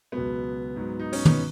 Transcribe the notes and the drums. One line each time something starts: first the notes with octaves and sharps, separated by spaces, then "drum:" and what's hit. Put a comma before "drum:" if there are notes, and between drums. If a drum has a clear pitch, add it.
C#2 B2 F#3 B3
G#2 F#3
D#4
C#4, drum: open hi-hat
B3, drum: tom